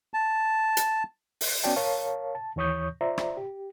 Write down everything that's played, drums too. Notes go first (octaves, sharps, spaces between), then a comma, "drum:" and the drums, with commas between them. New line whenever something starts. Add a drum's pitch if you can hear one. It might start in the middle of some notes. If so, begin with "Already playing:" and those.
A5
drum: hi-hat
drum: open hi-hat
B3 C#4 F#4 D5 G5 A5
A#4 C#5 F5 A5
A5
D#2 E3 C#5 C#6 D#6 G6
F4 C5 D5 E5 A#5
drum: rim click
G4